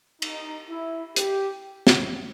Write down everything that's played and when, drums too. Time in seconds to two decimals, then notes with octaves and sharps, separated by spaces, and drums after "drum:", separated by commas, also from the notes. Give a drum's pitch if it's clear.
0.22 D#4, drum: cymbal
0.69 E4
1.16 G4, drum: hi-hat
1.87 drum: snare